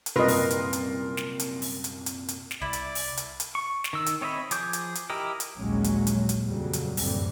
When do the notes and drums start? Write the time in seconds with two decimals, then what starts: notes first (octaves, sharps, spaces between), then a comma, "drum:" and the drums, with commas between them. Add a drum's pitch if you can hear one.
0.06 drum: hi-hat
0.16 C2 F#2 A#2 F4 A#4 B4 D#5 C6
0.28 drum: open hi-hat
0.51 drum: hi-hat
0.73 drum: hi-hat
1.17 drum: snare
1.39 drum: hi-hat
1.62 drum: open hi-hat
1.84 drum: hi-hat
2.06 drum: hi-hat
2.28 drum: hi-hat
2.51 drum: snare
2.62 C2 E4 D5
2.73 drum: hi-hat
2.95 drum: open hi-hat
3.17 drum: hi-hat
3.40 drum: hi-hat
3.55 C#6
3.84 drum: snare
3.93 D#3 E6
4.06 drum: hi-hat
4.21 C4 C#5 D#5 E5 B5
4.51 F3 G#4 D6 G6, drum: hi-hat
4.73 drum: hi-hat
4.95 drum: hi-hat
5.10 E4 G4 A#4 D#5
5.40 drum: hi-hat
5.59 A#1 D#2 A#2 F#3 G#3 C#4
5.84 drum: hi-hat
6.07 drum: hi-hat
6.29 drum: hi-hat
6.47 F2 A#2 C#3 F#3 G3
6.73 drum: hi-hat
6.97 F#1 D2 A2 C3 E3 G3, drum: open hi-hat